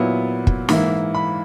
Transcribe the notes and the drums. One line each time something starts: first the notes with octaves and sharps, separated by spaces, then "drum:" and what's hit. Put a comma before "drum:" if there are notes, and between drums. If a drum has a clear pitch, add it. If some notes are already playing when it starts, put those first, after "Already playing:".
Already playing: A#2 F#3 B3 E4
drum: kick
G#2 E3 A#3 E4, drum: snare
B5